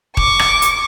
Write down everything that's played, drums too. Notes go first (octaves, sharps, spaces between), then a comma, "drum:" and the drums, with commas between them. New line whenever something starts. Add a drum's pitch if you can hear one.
C#6 D6, drum: kick D#1
drum: rim click
drum: hi-hat